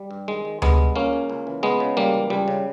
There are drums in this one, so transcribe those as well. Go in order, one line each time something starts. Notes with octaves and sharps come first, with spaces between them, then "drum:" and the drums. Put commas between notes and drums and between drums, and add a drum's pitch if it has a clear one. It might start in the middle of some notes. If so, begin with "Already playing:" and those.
Already playing: G3
G2
D#3 G#3
D#3
G2 G#3 B3, drum: tom D2
G2
C#2 A#3 C#4
C#3
C#2
E3
C#2 G#3 B3
C#3
C#2 G3 A#3
E3
C#2 G3
C#3